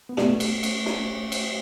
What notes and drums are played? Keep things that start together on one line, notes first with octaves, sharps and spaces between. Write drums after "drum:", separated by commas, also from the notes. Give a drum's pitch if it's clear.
B3
B2 G3 A3 D4, drum: snare
drum: cymbal
drum: cymbal
drum: snare
drum: cymbal